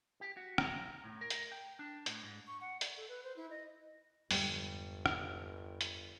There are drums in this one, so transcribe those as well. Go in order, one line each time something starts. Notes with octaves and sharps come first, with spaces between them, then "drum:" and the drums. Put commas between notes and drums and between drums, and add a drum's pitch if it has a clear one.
G4
F#4
A#5, drum: rim click
A2
A#4
drum: hi-hat
G5
D4
A2, drum: hi-hat
G#2
C#6
F#5
D5, drum: hi-hat
A4
B4
C5
E4
D#5
G1 F2 G#2 D3 G3, drum: open hi-hat
drum: rim click
drum: hi-hat